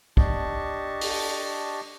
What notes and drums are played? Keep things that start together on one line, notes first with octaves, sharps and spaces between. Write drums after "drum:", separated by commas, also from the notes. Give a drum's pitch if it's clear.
D4 G4 D#5 A5 C#6, drum: kick
drum: open hi-hat